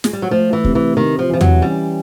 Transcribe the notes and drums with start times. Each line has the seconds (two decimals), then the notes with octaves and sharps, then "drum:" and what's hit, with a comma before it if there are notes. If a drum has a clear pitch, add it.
0.04 G#3, drum: snare
0.13 G3
0.22 F#3
0.31 F3 A3
0.53 E3
0.64 C3, drum: kick
0.75 E3
0.97 C3 D#3
1.19 F3
1.30 E3 F3
1.41 F#3, drum: tom E2
1.62 G3 C#4